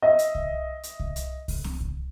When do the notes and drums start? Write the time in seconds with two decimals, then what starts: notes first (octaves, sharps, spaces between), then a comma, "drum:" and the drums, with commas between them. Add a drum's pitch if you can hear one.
0.02 D#5 E5
0.19 drum: hi-hat
0.35 drum: kick C2
0.83 drum: hi-hat
1.00 drum: kick C2
1.16 drum: hi-hat
1.48 drum: kick C2, open hi-hat
1.64 drum: snare C4
1.81 drum: kick C2